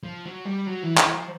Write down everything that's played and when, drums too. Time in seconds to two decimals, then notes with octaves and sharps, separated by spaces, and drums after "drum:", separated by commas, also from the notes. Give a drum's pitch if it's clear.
0.04 F3
0.25 F#3
0.45 G3
0.67 F#3
0.83 E3
0.97 E3, drum: clap
1.13 F3